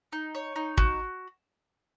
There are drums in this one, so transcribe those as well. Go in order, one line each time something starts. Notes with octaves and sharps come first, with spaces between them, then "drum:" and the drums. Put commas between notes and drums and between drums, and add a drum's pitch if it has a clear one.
D#4
C#5
D#4
F#4, drum: kick